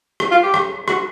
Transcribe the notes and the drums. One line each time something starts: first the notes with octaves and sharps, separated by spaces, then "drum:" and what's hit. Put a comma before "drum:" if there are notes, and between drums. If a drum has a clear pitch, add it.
drum: rim click
F4
G4
drum: rim click
F#4, drum: rim click